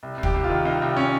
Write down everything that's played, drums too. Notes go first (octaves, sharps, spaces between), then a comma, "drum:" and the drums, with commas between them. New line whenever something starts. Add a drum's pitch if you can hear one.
C2
C2
G4, drum: kick
C2
F4
D#3
C2 D#4
C2
C#4